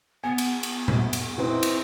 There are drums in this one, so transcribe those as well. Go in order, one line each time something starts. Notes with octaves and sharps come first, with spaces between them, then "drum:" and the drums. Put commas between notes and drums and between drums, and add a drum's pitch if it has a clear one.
B3 G#5
drum: cymbal
drum: cymbal
drum: tom A#2
drum: cymbal
E3 C4 D#4
drum: cymbal